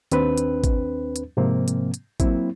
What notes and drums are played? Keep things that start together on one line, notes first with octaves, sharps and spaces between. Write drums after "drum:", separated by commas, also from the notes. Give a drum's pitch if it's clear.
D#2 C4 D4 B4, drum: hi-hat
drum: hi-hat
drum: kick G#1, hi-hat
drum: hi-hat
G#2 C3 F3 A#3 C4
drum: hi-hat
drum: hi-hat
F#3 A#3 C4 E4, drum: kick G#1, hi-hat